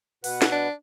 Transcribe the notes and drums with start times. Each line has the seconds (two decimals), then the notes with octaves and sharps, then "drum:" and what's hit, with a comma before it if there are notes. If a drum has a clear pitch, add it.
0.24 B2 B4 F#5, drum: open hi-hat
0.42 drum: snare
0.52 D4